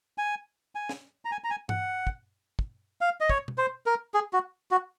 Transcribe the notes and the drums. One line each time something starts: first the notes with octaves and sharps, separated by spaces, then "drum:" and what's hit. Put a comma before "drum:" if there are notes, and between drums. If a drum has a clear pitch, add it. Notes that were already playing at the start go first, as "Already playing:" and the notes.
G#5
G#5
drum: snare
A#5
G#5
A#5
G#5
F#5, drum: tom G2
drum: kick
drum: kick
F5
D#5
C#5, drum: kick
drum: tom B2
C5
A#4
G#4
F#4
F#4